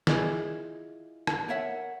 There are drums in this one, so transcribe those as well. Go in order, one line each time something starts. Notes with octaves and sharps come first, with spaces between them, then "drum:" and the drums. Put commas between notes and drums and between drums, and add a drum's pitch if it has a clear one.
E4 F4 G#4 D#5, drum: snare
drum: rim click
A#4 C#5 E5 F#5